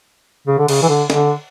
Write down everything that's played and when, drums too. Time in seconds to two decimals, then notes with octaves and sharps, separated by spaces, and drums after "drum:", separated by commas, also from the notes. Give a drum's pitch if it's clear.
0.48 C#3
0.58 D3
0.68 C#3, drum: cymbal
0.83 E3
0.89 D3
1.10 D3, drum: snare